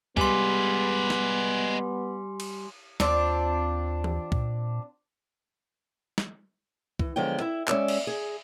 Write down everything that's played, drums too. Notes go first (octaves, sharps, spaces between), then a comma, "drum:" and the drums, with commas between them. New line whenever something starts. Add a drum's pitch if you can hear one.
G3 G#3 B3 B4 G#5 C6, drum: kick
drum: snare
drum: cymbal
D#2 C4 D4 F4, drum: snare
drum: tom E3
A#2, drum: kick
drum: snare
E3, drum: kick
D3 F3 F#3 G#3 B3 G5
E4 E5
G#3 C#4 D5 E5, drum: clap
drum: cymbal
G#4